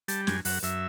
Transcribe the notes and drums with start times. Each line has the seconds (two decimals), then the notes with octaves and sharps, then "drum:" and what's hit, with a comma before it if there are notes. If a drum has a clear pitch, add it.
0.08 G3 A5, drum: hi-hat
0.27 F#2 G#5, drum: snare
0.45 F#2 F#5, drum: open hi-hat
0.63 F#2 E5, drum: hi-hat